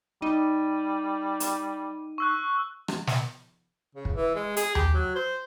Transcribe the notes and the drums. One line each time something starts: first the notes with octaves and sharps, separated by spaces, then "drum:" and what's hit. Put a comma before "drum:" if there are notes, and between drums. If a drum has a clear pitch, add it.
G3 D#4 D#7
drum: hi-hat
C#6 E6 F#6
drum: rim click
drum: snare
C#3
drum: kick
E3
G#3
G#4, drum: hi-hat
G4, drum: tom D#2
F#3
C5